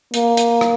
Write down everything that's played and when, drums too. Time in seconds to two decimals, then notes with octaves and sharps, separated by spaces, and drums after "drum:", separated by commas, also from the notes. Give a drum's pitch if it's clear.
0.14 A#3, drum: hi-hat
0.37 drum: hi-hat
0.61 drum: rim click